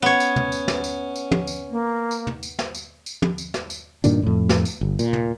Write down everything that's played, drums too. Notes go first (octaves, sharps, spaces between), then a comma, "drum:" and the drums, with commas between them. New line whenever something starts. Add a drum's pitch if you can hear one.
B3 C#4 C#5
drum: tambourine
drum: tom
drum: tambourine
drum: snare
drum: tambourine
drum: tambourine
drum: tom
drum: tambourine
A#3
drum: tambourine
drum: tom
drum: tambourine
drum: snare
drum: tambourine
drum: tambourine
drum: tom
drum: tambourine
drum: snare
drum: tambourine
G2 A#2 D#3 D4, drum: tambourine
F2 A2
drum: snare
drum: tambourine
G1
A#2, drum: tambourine
drum: tom